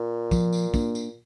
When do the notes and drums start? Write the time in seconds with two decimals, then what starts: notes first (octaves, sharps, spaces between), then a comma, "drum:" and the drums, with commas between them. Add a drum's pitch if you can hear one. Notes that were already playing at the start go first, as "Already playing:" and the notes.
Already playing: A#2
0.31 F3, drum: kick, tambourine
0.53 drum: tambourine
0.74 A#3 D4, drum: kick, tambourine
0.95 drum: tambourine